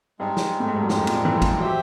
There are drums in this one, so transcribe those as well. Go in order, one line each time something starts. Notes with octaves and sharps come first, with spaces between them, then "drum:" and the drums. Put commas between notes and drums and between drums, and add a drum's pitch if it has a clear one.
G2 G#3 C4 D#4
drum: snare
A2
G#2
G2
F#2
F2 G#3 C4 D#4, drum: snare
A#2, drum: cymbal
E3
F3
E3, drum: kick, cymbal
F#3 G4 C5 E5 G5